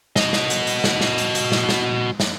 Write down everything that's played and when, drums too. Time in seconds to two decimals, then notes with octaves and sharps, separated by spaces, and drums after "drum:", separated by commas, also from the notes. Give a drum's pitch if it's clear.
0.16 F#4 D#5, drum: snare
0.33 drum: snare
0.50 drum: hi-hat
0.67 drum: hi-hat
0.84 drum: snare
1.01 drum: snare
1.18 drum: hi-hat
1.35 drum: hi-hat
1.52 drum: snare
1.69 drum: snare
2.20 drum: snare